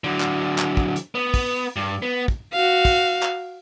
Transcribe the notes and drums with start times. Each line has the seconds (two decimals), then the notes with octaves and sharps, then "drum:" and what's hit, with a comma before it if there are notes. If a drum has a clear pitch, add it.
0.04 D3 F#3
0.20 drum: clap
0.58 drum: clap
0.77 drum: kick
0.96 drum: hi-hat
1.15 B3
1.34 drum: kick, open hi-hat
1.76 G2
2.02 B3
2.28 drum: kick
2.53 F#4 F5
2.85 drum: kick, open hi-hat
3.23 drum: clap